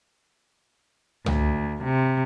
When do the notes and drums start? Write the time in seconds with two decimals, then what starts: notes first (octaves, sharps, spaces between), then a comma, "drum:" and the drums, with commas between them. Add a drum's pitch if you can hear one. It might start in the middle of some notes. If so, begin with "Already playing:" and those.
1.26 D2, drum: tom C#2
1.84 C3